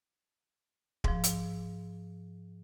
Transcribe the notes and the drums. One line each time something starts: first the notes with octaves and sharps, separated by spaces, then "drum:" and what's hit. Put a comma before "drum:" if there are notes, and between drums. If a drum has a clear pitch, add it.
G#2 F3, drum: kick
drum: hi-hat